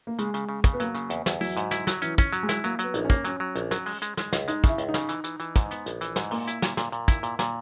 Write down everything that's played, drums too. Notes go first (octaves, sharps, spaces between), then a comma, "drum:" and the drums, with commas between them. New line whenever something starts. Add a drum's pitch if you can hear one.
A#3
C#3 G#3, drum: hi-hat
C#3, drum: hi-hat
C#3
C#3, drum: kick, hi-hat
B3
F#3 A#3, drum: hi-hat
C#3, drum: hi-hat
E2, drum: hi-hat
E2, drum: snare
F#3 E4, drum: open hi-hat
G#2, drum: hi-hat
E4, drum: snare
F#3, drum: snare
E3 C#4, drum: hi-hat
C#4, drum: kick, hi-hat
F#3, drum: hi-hat
G#3
E4, drum: snare
F#3 A#3, drum: hi-hat
F#3 B3, drum: hi-hat
A#1 D#4, drum: hi-hat
C#4
A#3, drum: kick, hi-hat
F#3 C#4, drum: hi-hat
F#3
A#1, drum: hi-hat
F#3, drum: snare
G#3, drum: open hi-hat
G#3, drum: hi-hat
G#3, drum: snare
C#2, drum: snare
G#3 D#4, drum: hi-hat
C#3 E4, drum: kick, hi-hat
C#2, drum: hi-hat
D#4
C#3, drum: snare
E3, drum: hi-hat
E3, drum: hi-hat
E3, drum: hi-hat
G#2, drum: kick, hi-hat
B3, drum: hi-hat
A#1, drum: hi-hat
E3, drum: hi-hat
G#2, drum: snare
A#2 A#3, drum: open hi-hat
E4, drum: hi-hat
A#2, drum: snare
A#2, drum: snare
A#2, drum: hi-hat
E4, drum: kick, hi-hat
A#2, drum: hi-hat
A#2, drum: snare